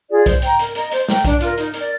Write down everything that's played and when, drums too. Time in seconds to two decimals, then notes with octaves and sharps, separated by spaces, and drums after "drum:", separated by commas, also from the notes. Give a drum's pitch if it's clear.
0.10 F4 G#4 D5
0.26 C5, drum: kick B1, hi-hat
0.42 G5 A#5, drum: hi-hat
0.59 A#4, drum: hi-hat
0.75 D#5 A#5, drum: hi-hat
0.92 C5, drum: hi-hat
1.09 G5 A#5, drum: snare
1.25 D4, drum: kick B1, hi-hat
1.41 F4 A#4, drum: hi-hat
1.58 D#4, drum: hi-hat
1.74 A#4, drum: hi-hat
1.79 D5